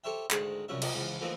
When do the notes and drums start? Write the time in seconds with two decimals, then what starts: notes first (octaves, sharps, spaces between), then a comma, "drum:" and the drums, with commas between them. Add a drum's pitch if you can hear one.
0.04 G4 A4 C5 C#5 E5 G5
0.31 D2 G#2 D#3 G#4 A5, drum: clap
0.68 C2 F#2 F3 C#4 E5
0.82 F3 A#4 D5 D#5, drum: cymbal
0.94 C#2 E3 F3
1.21 E3 F3 A3 A#3 C4 D#4